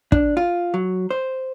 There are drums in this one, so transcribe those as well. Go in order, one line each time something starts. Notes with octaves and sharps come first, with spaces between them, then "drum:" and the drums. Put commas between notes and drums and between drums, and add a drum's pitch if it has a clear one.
D4, drum: kick
F4
F#3
C5